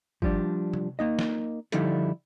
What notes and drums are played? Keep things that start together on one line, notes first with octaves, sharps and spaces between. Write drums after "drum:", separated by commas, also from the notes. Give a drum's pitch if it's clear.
F3 G3 D4, drum: kick
drum: tom C3
A#3 D#4 D#5
drum: snare
D3 F3 G3 D#4 E4 A4, drum: hi-hat